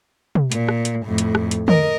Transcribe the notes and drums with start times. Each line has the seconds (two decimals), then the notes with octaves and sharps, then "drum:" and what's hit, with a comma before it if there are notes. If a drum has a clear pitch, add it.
0.35 drum: tom
0.52 A#2, drum: hi-hat
0.68 drum: rim click
0.85 drum: hi-hat
1.06 F2 A2
1.18 drum: hi-hat
1.35 drum: rim click
1.51 drum: hi-hat
1.68 A#4 D#5, drum: tom